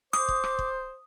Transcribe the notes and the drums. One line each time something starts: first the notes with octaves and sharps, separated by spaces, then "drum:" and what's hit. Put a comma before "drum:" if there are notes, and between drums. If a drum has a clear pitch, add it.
C5 D6 D#6, drum: rim click
drum: kick
drum: rim click
drum: kick